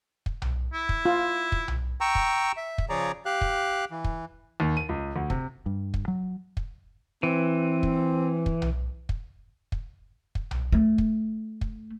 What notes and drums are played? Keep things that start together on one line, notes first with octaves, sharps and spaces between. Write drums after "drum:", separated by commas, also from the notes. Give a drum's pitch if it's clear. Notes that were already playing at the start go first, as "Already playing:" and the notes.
drum: kick
drum: tom B1
E4
drum: kick
F4
drum: kick
drum: tom B1
G5 A#5 C#6 E6
drum: kick
E5
drum: kick
C#3 F3 G#4 C#5 D5 A#5
G4 F5 F#6
drum: kick
E3
drum: kick
D#2
D#7
C#2
D2
C3, drum: kick
G2
drum: kick
F#3
drum: kick
E3 C4
drum: kick
drum: kick
drum: tom B1
drum: kick
drum: kick
drum: kick
drum: tom B1
A3
drum: kick
drum: kick